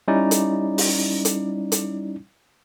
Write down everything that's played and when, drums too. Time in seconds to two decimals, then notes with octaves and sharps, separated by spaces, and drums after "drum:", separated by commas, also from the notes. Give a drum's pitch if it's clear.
0.08 G3 C#4 D#4 E4 D5
0.31 drum: hi-hat
0.78 drum: open hi-hat
1.25 drum: hi-hat
1.72 drum: hi-hat